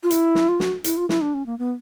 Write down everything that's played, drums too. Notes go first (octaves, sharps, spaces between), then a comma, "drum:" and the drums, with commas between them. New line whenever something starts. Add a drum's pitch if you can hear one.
F4
E4, drum: hi-hat
drum: snare
F4
F#4, drum: snare
E4, drum: hi-hat
F4
E4, drum: snare
D4
C#4
A#3
B3